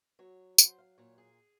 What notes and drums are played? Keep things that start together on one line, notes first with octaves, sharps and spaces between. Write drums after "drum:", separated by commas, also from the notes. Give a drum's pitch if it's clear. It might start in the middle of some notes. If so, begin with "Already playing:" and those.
F#3 C#5
F#3 C5, drum: tambourine
F5
A#2 C#5
G#4